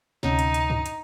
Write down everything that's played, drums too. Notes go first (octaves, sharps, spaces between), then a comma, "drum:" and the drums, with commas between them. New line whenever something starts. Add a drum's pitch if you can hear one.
D2 C3 C#4 D#4, drum: snare
drum: hi-hat
drum: hi-hat
drum: tom G2
drum: hi-hat